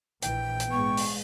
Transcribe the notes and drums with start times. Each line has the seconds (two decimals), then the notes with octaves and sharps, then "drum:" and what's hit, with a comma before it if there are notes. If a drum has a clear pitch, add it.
0.22 A#1 E3 G5, drum: hi-hat
0.60 drum: hi-hat
0.71 G#2 G#3 B3 C#6
0.97 drum: open hi-hat